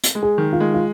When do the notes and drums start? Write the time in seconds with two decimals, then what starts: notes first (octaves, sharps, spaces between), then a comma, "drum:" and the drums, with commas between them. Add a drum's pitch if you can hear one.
0.04 drum: hi-hat
0.15 G#3
0.23 G#4
0.38 D#3
0.53 F4
0.60 G#3
0.74 F4